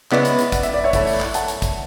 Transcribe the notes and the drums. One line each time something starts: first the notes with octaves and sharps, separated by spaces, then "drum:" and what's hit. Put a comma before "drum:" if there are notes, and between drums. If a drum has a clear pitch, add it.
C#3 G#3 B3 E4 B4 D5, drum: clap
drum: hi-hat
drum: hi-hat
F#5, drum: kick, hi-hat
E5, drum: hi-hat
D5
C#5 E5
E3 A3 E4, drum: kick, hi-hat
drum: open hi-hat
drum: clap
F#5 A5, drum: hi-hat
drum: hi-hat
drum: kick, hi-hat